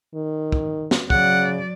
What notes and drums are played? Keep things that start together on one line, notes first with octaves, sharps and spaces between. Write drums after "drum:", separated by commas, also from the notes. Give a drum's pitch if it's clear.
D#3
drum: kick
drum: snare
C#3 F#3 D5 F#5, drum: kick